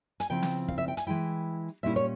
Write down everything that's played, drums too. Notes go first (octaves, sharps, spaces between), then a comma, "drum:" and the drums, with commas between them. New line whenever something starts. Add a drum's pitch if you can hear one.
G#5, drum: hi-hat
C#3 F3 C4 E4 G5
drum: snare
F5, drum: kick
E5
G5
G#5, drum: hi-hat
E3 G#3 E4 G5
A#2 G3 C#4 E4 E5
C#5